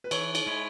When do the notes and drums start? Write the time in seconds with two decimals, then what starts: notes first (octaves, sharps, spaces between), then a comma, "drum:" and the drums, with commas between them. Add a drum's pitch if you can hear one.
0.04 B4
0.11 E3 C#5, drum: cymbal
0.35 drum: cymbal
0.46 G#3 E4 C#5